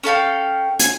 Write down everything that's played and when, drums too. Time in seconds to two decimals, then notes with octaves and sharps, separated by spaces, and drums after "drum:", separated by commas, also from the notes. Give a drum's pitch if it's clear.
0.03 C#4 A4 F5 G5
0.79 G#5, drum: hi-hat